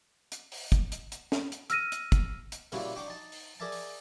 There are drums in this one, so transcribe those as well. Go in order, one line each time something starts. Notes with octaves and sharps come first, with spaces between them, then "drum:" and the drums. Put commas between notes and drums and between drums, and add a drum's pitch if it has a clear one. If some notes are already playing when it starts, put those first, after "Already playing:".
drum: hi-hat
drum: open hi-hat
drum: kick, hi-hat
drum: hi-hat
drum: hi-hat
drum: snare
drum: hi-hat
E6 F6 A#6 D#7, drum: hi-hat
drum: hi-hat
drum: kick, hi-hat
drum: hi-hat
A#2 C#3 G3 C#4 E4 F#4, drum: open hi-hat
D4 G5 C#6 D6
D#4 A5
drum: open hi-hat
G#4 A#4 D5 E5 A5
drum: open hi-hat